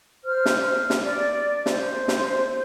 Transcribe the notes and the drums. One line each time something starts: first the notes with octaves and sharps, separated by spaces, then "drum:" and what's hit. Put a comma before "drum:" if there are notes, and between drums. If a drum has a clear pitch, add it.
C5 F6
drum: snare
drum: snare
D5
C5, drum: snare
drum: snare